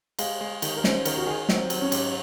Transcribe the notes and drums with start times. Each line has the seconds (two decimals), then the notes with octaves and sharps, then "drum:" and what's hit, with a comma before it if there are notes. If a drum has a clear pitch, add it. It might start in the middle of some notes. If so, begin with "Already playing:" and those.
0.19 G#3 F5, drum: cymbal
0.41 G#3
0.62 D#3, drum: cymbal
0.77 A#4
0.84 C#4 C5, drum: snare
1.05 D#3 A#4, drum: cymbal
1.17 F#4
1.26 D#3 G#4
1.49 F#3 C4, drum: snare
1.70 F#3, drum: cymbal
1.81 C#4
1.92 G#2, drum: cymbal